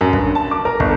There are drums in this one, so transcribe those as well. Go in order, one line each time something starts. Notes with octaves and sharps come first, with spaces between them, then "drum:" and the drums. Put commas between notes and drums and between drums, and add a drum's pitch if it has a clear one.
F#2
G2, drum: kick
A5
D6
A#4
G1, drum: kick